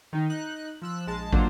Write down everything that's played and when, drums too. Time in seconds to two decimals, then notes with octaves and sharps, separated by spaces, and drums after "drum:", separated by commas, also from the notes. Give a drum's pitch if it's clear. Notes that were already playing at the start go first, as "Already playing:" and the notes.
0.13 D#3 D#4
0.30 D#4 F#6
0.82 F3 E6 F#6
1.07 A#1 G#3 A5
1.33 F#3 A#3 D4 F4 C5, drum: kick